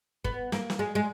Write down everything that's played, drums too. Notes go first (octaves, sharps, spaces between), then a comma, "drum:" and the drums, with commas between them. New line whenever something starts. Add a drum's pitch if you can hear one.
B3, drum: kick F#1
A#3, drum: snare
drum: snare
G#3
G#3